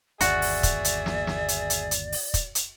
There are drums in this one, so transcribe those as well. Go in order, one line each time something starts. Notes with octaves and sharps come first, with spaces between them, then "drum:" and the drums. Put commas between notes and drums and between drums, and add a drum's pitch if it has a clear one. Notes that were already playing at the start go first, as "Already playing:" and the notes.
G1 D#2 F#4 G#4 D5 E5, drum: hi-hat
drum: open hi-hat
drum: kick, hi-hat
drum: hi-hat
drum: snare
drum: snare
drum: hi-hat
drum: hi-hat
drum: hi-hat
drum: open hi-hat
drum: kick, hi-hat
drum: hi-hat